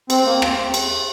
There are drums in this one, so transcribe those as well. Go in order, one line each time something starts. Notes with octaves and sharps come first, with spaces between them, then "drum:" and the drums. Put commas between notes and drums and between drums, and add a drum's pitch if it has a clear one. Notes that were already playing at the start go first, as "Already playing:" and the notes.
C4, drum: cymbal
A#3
C4, drum: rim click
drum: cymbal